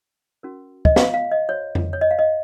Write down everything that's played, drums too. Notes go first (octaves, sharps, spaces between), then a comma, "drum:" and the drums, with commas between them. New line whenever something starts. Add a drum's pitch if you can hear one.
C#4 F#4 A#4
D#5, drum: kick
F5, drum: snare B4
F5
D#5
F#4 C5 C#5
drum: tom F2
C#5
D#5
F5
D#5